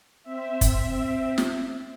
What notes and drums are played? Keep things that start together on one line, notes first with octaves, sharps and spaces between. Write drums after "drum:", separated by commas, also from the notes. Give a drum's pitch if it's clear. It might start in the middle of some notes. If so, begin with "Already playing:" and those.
C4 E5
drum: kick, hi-hat
drum: snare